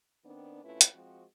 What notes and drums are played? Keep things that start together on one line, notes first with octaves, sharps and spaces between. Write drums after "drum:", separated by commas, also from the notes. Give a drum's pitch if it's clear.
D#3 B3 C4 D4
C3 A3 C#4 E4 F4 B4
drum: hi-hat
F3 G#3 C4 F#4